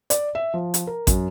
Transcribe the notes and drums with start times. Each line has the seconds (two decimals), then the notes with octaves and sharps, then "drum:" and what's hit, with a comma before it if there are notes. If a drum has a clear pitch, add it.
0.10 D5, drum: hi-hat
0.35 E5
0.54 F3
0.74 drum: hi-hat
0.87 A#4
1.07 F#2, drum: kick A1, hi-hat